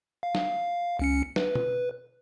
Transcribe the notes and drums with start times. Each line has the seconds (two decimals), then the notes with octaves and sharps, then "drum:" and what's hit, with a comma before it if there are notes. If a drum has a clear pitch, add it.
0.23 F5
0.35 drum: snare
0.99 C#2 C#4 C#7
1.36 B4, drum: snare
1.55 drum: tom